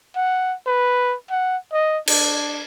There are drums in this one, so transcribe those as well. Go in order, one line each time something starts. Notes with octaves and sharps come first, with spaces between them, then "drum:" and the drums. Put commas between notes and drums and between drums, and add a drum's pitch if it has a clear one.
F#5
B4
F#5
D#5
D4, drum: cymbal